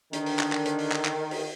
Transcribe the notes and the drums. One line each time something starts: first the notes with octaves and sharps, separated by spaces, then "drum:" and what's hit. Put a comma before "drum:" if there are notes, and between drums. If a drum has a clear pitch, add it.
D3 D#3 D4, drum: hi-hat
drum: open hi-hat
drum: clap
drum: clap
drum: hi-hat
drum: open hi-hat
drum: clap
drum: clap
drum: open hi-hat